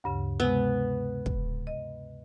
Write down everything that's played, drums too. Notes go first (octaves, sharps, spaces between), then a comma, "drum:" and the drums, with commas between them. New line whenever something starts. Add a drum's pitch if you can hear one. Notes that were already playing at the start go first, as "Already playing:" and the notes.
D2 G2 C#3
C3 G#3 B3
drum: kick
D#5